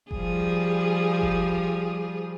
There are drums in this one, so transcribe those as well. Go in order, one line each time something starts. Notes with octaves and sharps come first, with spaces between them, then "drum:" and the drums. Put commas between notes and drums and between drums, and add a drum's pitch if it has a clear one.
F3 G3 G#4, drum: kick F#1
drum: kick F#1